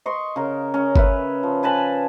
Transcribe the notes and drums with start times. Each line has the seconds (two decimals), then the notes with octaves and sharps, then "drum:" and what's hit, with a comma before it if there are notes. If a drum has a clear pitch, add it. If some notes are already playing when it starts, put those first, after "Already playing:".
0.06 D#5 C6 C#6
0.36 C#3 A#4
0.74 C#4
0.96 B4 E5, drum: kick G1
1.43 F3
1.63 B4 G#5 A5 B5